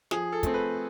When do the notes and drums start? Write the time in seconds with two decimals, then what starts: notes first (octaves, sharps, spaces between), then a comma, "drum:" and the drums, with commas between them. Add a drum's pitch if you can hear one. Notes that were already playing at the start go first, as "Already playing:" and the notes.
0.11 F3 G#4, drum: snare
0.32 A4
0.43 A3 C4, drum: kick, hi-hat
0.54 B4